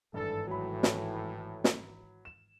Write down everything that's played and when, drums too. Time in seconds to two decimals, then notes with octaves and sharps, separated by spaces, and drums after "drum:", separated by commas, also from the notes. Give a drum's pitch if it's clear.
0.14 G#1 G2 E3 A4
0.47 A2 F#3 B5
0.83 drum: snare
1.64 drum: snare
2.25 E7